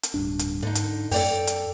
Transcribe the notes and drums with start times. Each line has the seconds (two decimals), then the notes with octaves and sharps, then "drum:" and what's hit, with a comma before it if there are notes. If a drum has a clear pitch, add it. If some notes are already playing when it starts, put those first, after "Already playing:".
0.03 drum: hi-hat
0.14 D1 G2 D4
0.39 drum: hi-hat
0.63 G#2 D3 D#4
0.75 drum: hi-hat
1.11 F#2 A4 D5 G5, drum: open hi-hat
1.47 drum: hi-hat